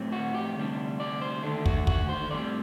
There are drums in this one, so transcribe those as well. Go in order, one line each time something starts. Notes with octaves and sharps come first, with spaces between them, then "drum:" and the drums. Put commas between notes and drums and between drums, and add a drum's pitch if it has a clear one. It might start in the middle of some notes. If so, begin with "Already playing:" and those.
Already playing: A2 F#3 C4
F#4
G4
D2 C3 G3 D4
D5
C5
D#2 D3 A3 D4
F#4, drum: kick
F#4, drum: kick
C5
A2 G3 C4 D5